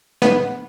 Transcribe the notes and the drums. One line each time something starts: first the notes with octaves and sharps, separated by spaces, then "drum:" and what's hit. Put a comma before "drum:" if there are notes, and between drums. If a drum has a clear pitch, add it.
B3, drum: snare